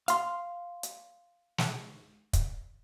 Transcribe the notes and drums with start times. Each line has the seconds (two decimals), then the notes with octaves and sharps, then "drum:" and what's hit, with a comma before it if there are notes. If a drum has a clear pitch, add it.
0.08 F5 C6, drum: hi-hat
0.83 drum: hi-hat
1.58 drum: snare
2.33 drum: kick, hi-hat